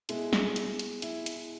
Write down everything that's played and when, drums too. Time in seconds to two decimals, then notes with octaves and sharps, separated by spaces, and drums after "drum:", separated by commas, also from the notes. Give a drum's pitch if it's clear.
0.09 B2 G#3 E4, drum: hi-hat
0.33 drum: snare
0.56 drum: hi-hat
0.79 drum: hi-hat
1.02 E4, drum: hi-hat
1.26 drum: hi-hat